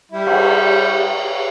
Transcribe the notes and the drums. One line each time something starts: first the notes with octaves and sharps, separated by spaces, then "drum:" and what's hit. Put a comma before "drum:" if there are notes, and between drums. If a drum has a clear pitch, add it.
G3 E4
drum: cymbal